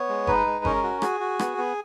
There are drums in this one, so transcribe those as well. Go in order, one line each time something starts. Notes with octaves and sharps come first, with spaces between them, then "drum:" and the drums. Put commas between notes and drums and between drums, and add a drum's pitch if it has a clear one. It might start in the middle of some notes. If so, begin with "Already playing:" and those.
Already playing: B3 C#5
G#3
D#4 B4, drum: kick G1
G#3
C#4 A#4, drum: kick G1
F#4
F#4 G#4, drum: rim click
F#4
B3, drum: rim click
B3